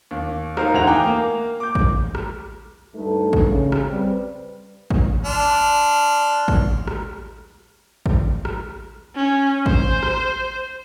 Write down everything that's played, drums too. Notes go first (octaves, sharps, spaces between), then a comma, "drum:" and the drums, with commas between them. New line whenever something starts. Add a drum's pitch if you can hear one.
D#2
D#4 A#4 C5 F5, drum: rim click
D2 E3 D#4 F#4 A#5 F7
F5 G5 G#5 A#5 D6
A#3
D6 G6
drum: kick A1
drum: rim click
D2 G2 A3 D#4 A4 B4
drum: kick A1
C#3 C#4
drum: rim click
G3 C4 B4
drum: kick A1
D4 C6 F6
drum: kick A1
drum: rim click
drum: kick A1
drum: rim click
C#4
C5, drum: kick A1
drum: rim click